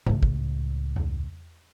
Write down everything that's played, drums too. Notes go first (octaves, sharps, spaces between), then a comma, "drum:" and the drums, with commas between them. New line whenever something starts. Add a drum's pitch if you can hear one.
C#2 A2, drum: tom G#2
drum: kick
drum: tom E2